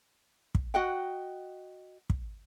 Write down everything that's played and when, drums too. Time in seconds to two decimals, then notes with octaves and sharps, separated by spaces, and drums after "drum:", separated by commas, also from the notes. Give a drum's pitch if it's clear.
0.55 drum: kick
0.74 F#4 D#5 F#5 G5
2.10 drum: kick